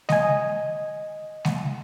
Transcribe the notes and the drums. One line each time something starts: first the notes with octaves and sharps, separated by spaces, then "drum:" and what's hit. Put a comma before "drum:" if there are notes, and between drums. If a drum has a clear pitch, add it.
D#5 G#5, drum: snare G#3
drum: snare G#3